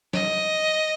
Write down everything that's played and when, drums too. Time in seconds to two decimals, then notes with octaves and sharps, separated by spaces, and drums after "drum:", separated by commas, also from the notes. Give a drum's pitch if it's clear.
0.13 D#5, drum: snare